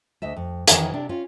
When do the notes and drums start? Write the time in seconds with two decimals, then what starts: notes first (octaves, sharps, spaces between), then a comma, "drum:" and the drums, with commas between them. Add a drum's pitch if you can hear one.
0.22 D2 D#5 E5
0.36 F2
0.68 F2 D#3 E3, drum: hi-hat
0.94 C3 D4
1.09 C#4 F4